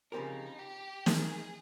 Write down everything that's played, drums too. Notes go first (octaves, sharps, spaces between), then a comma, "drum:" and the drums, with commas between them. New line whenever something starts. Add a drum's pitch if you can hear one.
C#3 F3 C4 D#4 G4 A#4
G4
D#3 G#3 D#4 G#4 A#4, drum: snare